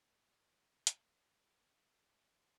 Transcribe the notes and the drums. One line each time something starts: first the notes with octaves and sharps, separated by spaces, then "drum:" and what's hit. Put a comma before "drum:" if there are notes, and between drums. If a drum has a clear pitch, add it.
D#4 E4 G4 C5
drum: hi-hat